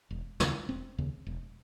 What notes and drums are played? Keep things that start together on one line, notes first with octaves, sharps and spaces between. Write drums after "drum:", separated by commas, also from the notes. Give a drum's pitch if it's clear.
E1
D#2 C#3, drum: snare
E1 C4
D#2 C#3
E1